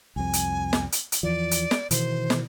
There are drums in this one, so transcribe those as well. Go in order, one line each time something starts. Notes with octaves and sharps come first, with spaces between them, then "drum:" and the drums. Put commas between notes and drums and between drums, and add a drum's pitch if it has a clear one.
C2 F2 G#5
drum: hi-hat
drum: snare
drum: hi-hat
drum: hi-hat
E2 E3 F3 D5
drum: hi-hat
drum: snare
B2 D#3 E3 C5, drum: hi-hat
drum: snare